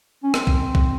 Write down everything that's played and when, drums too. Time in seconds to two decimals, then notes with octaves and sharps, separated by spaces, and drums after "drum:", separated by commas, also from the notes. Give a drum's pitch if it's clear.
0.23 C#4
0.34 C4, drum: rim click
0.47 drum: kick
0.75 drum: kick